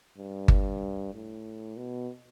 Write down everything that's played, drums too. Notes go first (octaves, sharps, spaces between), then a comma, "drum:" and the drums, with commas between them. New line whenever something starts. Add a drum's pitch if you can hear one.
G2
drum: kick G1
A2
B2